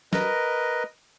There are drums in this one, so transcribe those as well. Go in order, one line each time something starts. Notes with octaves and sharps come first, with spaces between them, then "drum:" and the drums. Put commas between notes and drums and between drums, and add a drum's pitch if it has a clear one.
A#4 B4 D#5, drum: snare